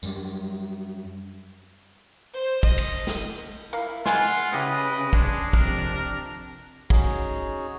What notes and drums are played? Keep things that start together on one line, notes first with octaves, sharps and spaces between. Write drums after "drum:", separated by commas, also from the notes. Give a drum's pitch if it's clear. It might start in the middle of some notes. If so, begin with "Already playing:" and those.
F#2 G3, drum: tambourine
C5
D#5, drum: kick
drum: cymbal
drum: snare
E4 A#4 F5
G#3 F4 F#5 G#5 C6, drum: snare
C#3 E4 G4 B4 D#5
G#3 D4, drum: kick
F2 C3 A#4, drum: kick
C#4 D#4 F#4 G#4 C#5, drum: kick